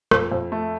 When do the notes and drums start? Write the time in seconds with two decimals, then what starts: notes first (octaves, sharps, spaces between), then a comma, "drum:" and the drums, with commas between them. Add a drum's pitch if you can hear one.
0.11 F2, drum: rim click
0.32 F2
0.52 A3